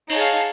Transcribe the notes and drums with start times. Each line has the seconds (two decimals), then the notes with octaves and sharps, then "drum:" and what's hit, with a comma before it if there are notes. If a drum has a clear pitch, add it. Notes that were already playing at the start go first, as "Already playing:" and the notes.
0.10 D#4 G#4 C#5 F5 A5, drum: cymbal